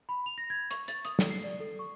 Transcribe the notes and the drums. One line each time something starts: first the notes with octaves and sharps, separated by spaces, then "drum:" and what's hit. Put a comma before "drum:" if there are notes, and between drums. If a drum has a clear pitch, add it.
B5
F7
A#6
G#6
C#6, drum: hi-hat
A6, drum: hi-hat
D#6, drum: hi-hat
A4, drum: snare
C7
D5
A4
C#6